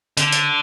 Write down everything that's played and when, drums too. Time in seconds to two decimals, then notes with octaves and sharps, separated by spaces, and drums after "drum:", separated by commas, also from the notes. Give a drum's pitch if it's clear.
0.17 D3, drum: hi-hat
0.32 drum: hi-hat